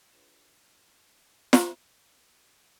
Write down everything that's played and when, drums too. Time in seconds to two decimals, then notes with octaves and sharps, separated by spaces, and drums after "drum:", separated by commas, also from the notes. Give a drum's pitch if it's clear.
0.13 D4 F4 G#4 B4 C#5
1.53 drum: snare